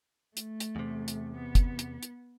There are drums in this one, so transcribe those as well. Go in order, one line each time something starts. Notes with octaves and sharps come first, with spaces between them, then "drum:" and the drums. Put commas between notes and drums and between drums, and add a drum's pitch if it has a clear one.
A3, drum: hi-hat
drum: hi-hat
E2 C3
drum: hi-hat
B3
drum: kick, hi-hat
drum: hi-hat
drum: hi-hat